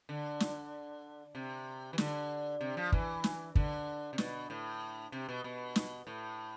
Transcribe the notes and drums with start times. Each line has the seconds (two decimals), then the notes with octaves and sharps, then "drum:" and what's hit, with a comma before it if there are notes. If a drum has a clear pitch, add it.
0.09 D3
0.40 drum: snare
1.35 C3
1.93 E3
1.98 D3, drum: snare
2.61 C3
2.77 F3
2.92 E3, drum: kick
3.24 drum: snare
3.55 D3, drum: kick
4.13 C3
4.18 B2, drum: snare
4.50 A2
5.12 C3
5.29 B2
5.44 B2
5.76 drum: snare
6.07 A2